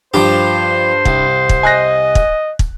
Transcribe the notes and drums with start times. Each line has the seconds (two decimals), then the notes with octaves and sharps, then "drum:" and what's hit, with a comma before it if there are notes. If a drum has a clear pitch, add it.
0.14 G2 F3 G4 C5 D6
1.05 C2, drum: kick
1.49 drum: kick
1.63 D#5 G#5 F#6 A#6
2.15 drum: kick
2.59 drum: kick